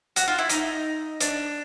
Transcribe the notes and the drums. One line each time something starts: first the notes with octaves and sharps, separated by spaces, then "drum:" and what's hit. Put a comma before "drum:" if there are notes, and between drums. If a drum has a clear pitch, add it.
F#4, drum: hi-hat
F4
E4
D#4, drum: hi-hat
D4, drum: hi-hat